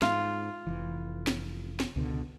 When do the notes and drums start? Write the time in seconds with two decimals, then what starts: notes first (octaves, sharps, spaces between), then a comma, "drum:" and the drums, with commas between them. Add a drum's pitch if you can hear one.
0.02 G#2 F4, drum: snare
0.67 F1 E3
1.27 drum: snare
1.80 drum: snare
1.96 C#2 B2 D3